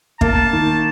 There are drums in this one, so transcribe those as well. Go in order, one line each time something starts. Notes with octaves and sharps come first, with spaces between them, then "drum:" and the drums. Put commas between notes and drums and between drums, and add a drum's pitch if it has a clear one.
A#3 A5, drum: kick
D#3